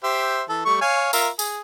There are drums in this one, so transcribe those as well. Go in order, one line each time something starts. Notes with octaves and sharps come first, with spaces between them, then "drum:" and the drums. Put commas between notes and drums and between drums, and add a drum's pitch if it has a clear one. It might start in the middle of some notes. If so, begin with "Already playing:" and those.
G4 C5 E5
E3 A4
G3 A3 C#6
C#5 F5 G#5
F4 A#4 E5, drum: tambourine
G#4, drum: tambourine